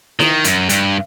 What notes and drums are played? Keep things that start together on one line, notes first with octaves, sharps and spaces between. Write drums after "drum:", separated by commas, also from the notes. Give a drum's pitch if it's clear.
D#3, drum: snare E4
F#2, drum: hi-hat
G2, drum: hi-hat